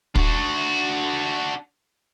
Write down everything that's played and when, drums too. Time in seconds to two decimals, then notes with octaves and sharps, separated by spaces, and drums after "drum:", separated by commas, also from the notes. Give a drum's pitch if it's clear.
0.15 D4 F#4, drum: kick